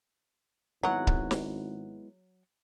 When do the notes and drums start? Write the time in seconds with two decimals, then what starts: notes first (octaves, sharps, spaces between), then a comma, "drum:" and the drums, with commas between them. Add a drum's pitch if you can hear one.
0.83 G#1 F#3 G#3 B3 E4 F#5
1.07 drum: kick C#1
1.31 drum: snare